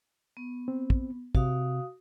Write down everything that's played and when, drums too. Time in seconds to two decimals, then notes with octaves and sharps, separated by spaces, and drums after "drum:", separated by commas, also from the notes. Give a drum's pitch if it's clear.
0.37 B3
0.68 C4
0.90 drum: kick
1.35 C3 F#4 F5 D#6, drum: kick